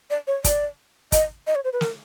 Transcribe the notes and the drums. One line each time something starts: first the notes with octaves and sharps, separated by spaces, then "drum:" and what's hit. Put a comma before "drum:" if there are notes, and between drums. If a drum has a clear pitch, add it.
D5
C#5
D5, drum: kick, hi-hat
D#5, drum: kick, hi-hat
D#5
C#5
C5
B4
A#4, drum: snare